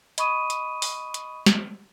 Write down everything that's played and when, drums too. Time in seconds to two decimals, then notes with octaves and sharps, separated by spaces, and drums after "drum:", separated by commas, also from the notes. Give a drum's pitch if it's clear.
0.18 D#5 B5 C#6 D#6 D#7, drum: hi-hat
0.50 drum: hi-hat
0.82 drum: open hi-hat
1.14 drum: hi-hat
1.46 drum: snare